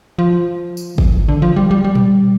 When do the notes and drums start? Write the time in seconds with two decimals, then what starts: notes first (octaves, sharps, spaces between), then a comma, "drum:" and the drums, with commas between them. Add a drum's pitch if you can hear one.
0.18 F3
0.77 drum: tambourine
0.98 drum: kick
1.28 D3
1.42 F3
1.56 G3
1.71 G3
1.84 G3
1.95 drum: tom A#2